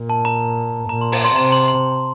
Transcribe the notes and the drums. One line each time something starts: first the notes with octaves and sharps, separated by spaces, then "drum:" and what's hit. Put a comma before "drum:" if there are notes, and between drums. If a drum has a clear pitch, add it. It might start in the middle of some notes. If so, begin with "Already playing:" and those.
Already playing: A#2
A5
A#5
A#2 A#5
C6
A#5, drum: open hi-hat
C6
C3 A#5
C6
C6